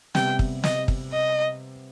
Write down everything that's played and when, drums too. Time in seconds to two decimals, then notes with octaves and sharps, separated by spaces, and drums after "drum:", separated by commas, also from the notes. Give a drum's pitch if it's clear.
0.15 C3 G3 B3 G5, drum: snare
0.39 drum: kick
0.64 D#5, drum: snare
0.88 drum: kick
1.12 D#5